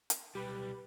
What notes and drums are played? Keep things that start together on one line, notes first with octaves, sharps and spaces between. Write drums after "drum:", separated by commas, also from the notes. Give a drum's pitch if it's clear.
drum: hi-hat
B1 G3 G4 B4